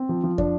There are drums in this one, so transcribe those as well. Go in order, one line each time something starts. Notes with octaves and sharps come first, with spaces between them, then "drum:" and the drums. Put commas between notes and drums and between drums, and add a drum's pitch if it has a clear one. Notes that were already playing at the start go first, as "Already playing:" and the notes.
Already playing: C4
F3
F3
D4, drum: kick